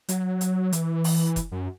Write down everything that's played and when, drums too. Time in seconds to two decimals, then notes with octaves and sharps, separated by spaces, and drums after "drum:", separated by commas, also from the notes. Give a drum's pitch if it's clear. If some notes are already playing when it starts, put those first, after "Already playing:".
0.09 F#3, drum: hi-hat
0.41 drum: hi-hat
0.72 E3, drum: hi-hat
1.04 drum: open hi-hat
1.36 drum: kick F1, hi-hat
1.52 F#2